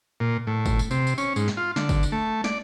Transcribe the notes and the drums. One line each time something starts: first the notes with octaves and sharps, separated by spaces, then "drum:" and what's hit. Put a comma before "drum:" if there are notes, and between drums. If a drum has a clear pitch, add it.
A#2
A2
drum: kick, tambourine
drum: tambourine
C3, drum: tambourine
drum: tambourine
C#4, drum: tambourine
G#2, drum: tambourine
drum: snare
F4
D3, drum: snare
drum: kick, tambourine
drum: tambourine
A3
D5, drum: snare